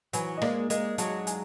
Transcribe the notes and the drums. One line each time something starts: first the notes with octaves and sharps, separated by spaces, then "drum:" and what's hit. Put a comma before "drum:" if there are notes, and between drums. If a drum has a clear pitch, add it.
E3 F#3 G#5, drum: hi-hat
D#5
G#3 A#3 D5, drum: rim click
G#3 A#3 D#5, drum: hi-hat
F#3 G#3 A5, drum: hi-hat
G#5, drum: hi-hat